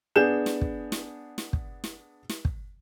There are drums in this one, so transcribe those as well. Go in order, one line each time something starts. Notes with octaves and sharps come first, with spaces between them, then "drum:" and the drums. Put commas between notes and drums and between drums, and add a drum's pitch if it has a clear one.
B3 D4 G#4 G6 E7
drum: snare
drum: kick
drum: snare
drum: snare
drum: kick
drum: snare
drum: snare
drum: kick